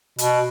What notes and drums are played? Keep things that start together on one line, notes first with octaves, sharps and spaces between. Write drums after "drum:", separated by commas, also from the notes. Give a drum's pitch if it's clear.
B2, drum: hi-hat